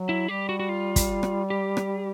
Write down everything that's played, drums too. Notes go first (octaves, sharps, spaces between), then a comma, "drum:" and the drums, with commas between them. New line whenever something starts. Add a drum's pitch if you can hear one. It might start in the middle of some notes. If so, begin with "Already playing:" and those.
Already playing: F#3
E4
G3 G4
F#4
F#4
F4
drum: kick, hi-hat
drum: rim click
G4
drum: rim click